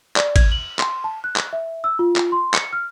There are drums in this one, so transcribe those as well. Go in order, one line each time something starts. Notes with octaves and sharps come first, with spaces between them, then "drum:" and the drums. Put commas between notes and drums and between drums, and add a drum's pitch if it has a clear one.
D5, drum: clap
G#6, drum: kick, cymbal
F#7
C6, drum: clap
A5
F#6
drum: clap
E5
E6
F4
drum: clap
C6
C#7, drum: clap
F6